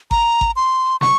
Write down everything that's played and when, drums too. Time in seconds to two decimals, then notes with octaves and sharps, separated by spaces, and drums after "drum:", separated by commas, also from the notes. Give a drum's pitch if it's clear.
0.11 A#5, drum: kick G#1
0.41 drum: kick G#1
0.56 C6
1.01 C#6, drum: snare